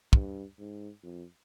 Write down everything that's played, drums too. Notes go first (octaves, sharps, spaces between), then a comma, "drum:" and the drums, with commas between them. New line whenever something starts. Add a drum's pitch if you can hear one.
G2, drum: kick
G#2
F2